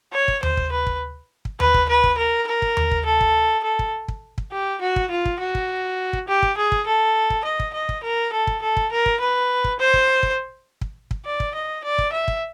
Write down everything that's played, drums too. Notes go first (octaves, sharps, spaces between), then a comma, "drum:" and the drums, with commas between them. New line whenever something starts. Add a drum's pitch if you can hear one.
C#5
drum: kick
C5, drum: tom D#2
drum: kick
B4
drum: kick
drum: kick
B4, drum: tom D#2
drum: kick
B4
drum: kick
A#4
A#4
drum: kick
drum: tom D#2
drum: kick
A4
drum: kick
A4
drum: kick
drum: kick
drum: kick
G4
F#4
drum: kick
F4
drum: kick
F#4
drum: kick
drum: kick
G4
drum: kick
G#4
drum: kick
A4
drum: kick
D#5
drum: kick
D#5
drum: kick
A#4
A4
drum: kick
A4
drum: kick
A#4
drum: kick
B4
drum: kick
C5
drum: kick
drum: kick
drum: kick
drum: kick
D5
drum: kick
D#5
D5
drum: kick
E5
drum: kick